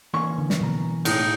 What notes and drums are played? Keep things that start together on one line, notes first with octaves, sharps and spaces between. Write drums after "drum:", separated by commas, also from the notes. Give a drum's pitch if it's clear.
E3 A#3 C#4 C#6
D3
drum: snare
B2 A#5
A2 D#4, drum: cymbal